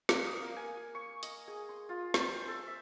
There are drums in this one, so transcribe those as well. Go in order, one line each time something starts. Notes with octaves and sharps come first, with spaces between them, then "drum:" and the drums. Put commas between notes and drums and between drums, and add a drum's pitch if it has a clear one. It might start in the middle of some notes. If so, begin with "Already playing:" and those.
A#3, drum: snare
D#6
A#3
G#5
C#6
D#5, drum: hi-hat
G#4
C6
F4
C5, drum: snare
A4
E5